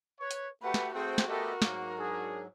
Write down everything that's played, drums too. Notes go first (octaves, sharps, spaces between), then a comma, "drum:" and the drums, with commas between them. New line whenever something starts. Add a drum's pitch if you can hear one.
B4 C#5
drum: hi-hat
A3 F#4 G4 B4 F#5
drum: snare
A3 C4 F#4 G#4 C5 G5
drum: snare
A3 B3 G4 A4 A#4 D#5 G5
G#2 F#3 A#3, drum: snare
D4 G#4